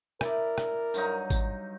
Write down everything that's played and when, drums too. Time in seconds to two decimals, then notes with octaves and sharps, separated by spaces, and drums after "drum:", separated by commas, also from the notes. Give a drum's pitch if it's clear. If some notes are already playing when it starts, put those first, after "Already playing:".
0.21 E4 A#4 D5, drum: rim click
0.58 drum: rim click
0.94 G2 F#3 D#4, drum: tambourine
1.30 drum: kick G#1, tambourine